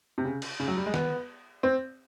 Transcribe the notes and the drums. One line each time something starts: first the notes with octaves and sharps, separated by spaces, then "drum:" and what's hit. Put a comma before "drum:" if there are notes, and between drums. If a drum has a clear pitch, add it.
C3
C#3
drum: cymbal
C#3
F#3
G3
G#3
B3, drum: snare
C4